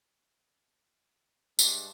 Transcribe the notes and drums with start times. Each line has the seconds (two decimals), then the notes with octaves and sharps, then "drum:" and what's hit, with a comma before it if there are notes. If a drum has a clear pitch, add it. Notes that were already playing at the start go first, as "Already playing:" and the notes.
1.59 G2 G#3 D4 A5, drum: tambourine